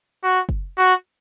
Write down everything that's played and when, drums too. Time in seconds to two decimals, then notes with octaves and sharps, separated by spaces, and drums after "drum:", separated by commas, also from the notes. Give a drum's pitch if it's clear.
0.24 F#4
0.49 drum: kick
0.78 F#4